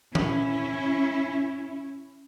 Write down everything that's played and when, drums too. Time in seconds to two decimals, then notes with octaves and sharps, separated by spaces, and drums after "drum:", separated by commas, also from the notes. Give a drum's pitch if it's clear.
0.15 C#4 E4, drum: tom E3